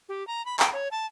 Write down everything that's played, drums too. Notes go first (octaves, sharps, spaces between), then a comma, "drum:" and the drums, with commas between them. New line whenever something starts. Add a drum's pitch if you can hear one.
G4
A#5
B5
G5, drum: clap
C#5
A5